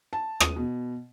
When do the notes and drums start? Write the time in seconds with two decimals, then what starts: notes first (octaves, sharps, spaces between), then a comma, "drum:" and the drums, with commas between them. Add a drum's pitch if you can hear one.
0.13 A5
0.40 D#6, drum: rim click
0.56 B2